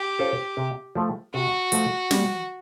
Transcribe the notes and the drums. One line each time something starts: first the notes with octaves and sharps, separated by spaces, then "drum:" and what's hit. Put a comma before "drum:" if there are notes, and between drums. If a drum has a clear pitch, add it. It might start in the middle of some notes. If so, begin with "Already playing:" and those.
Already playing: G4
C#4 F4 A4 C5
C3
F3 A3
C3 F#4
F3 A3, drum: hi-hat
G3, drum: snare